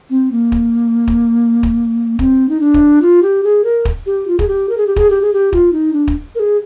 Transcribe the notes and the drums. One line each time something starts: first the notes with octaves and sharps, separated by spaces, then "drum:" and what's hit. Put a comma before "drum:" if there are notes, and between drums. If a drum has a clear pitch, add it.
C4
A#3
drum: kick
drum: kick
drum: kick
C4, drum: kick
D#4
D4
drum: kick
F4
G4
G#4
A#4
drum: kick
G4
F4
G#4, drum: kick
G4
A#4
G#4
G4
G#4, drum: kick
G4
G#4
G4
F4, drum: kick
D#4
D4
drum: kick
A#4
G#4